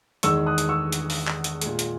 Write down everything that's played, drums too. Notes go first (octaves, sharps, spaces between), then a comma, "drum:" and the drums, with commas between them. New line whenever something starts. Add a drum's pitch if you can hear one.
E2 D#3 G#3 C#6 E6, drum: hi-hat
D#6 F#6
drum: hi-hat
C#6 E6
drum: hi-hat
drum: open hi-hat
drum: clap
drum: hi-hat
A#2 G#3, drum: hi-hat
drum: hi-hat